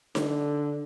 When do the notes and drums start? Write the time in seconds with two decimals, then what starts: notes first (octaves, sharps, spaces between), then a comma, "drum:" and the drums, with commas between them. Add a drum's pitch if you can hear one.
0.15 D3, drum: snare D#4